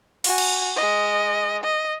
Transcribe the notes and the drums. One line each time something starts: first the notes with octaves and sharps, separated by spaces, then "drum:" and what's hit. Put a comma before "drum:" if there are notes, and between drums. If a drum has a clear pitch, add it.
F#4 G#5, drum: open hi-hat
drum: cymbal
G#3 D#5
D#5